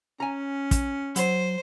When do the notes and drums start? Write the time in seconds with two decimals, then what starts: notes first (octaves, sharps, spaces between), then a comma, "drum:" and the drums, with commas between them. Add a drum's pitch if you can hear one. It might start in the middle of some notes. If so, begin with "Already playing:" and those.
0.20 C#4 G#5 A#5
0.71 drum: kick, hi-hat
1.16 F#3 C5, drum: hi-hat